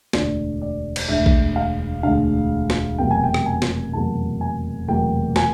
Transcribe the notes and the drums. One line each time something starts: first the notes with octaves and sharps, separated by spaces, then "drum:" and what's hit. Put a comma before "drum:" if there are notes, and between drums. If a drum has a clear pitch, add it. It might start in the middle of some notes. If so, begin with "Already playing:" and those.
E1 D2 D3 D5, drum: snare
D5
drum: cymbal
E1 D2 D3 E5
drum: kick A#1
F5
E1 D2 D3 F5
drum: snare
F1 E2 B2 F#3 A#3 G5
G#5
G5
drum: rim click
G#5
drum: snare
F1 E2 B2 F#3 A#3 A5
G#5
F1 E2 B2 F#3 A#3 G5
G#5, drum: snare